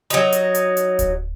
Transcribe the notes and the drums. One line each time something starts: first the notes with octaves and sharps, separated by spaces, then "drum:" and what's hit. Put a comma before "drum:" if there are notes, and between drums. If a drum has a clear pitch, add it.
F#3 D#4, drum: hi-hat
drum: hi-hat
drum: hi-hat
drum: hi-hat
drum: kick D1, hi-hat